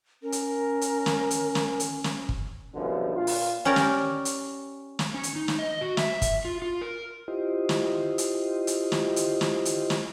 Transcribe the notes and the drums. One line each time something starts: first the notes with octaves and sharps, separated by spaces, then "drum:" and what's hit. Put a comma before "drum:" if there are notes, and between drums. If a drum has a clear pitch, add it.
C#4 A#4
drum: hi-hat
drum: hi-hat
drum: snare
drum: hi-hat
drum: snare
drum: hi-hat
drum: snare
drum: kick
C2 F#2 B2 D3 F3
A#2 F4
drum: open hi-hat
C#4 G4 A#4 D5
drum: snare
drum: hi-hat
drum: snare
C#4
drum: hi-hat
D#4
drum: snare
D#5
F#4
E5, drum: snare
drum: kick, hi-hat
F4
F4
A#4
E4 F4 G4 C5 D#5
drum: snare
drum: hi-hat
drum: hi-hat
drum: snare
drum: hi-hat
drum: snare
drum: hi-hat
drum: snare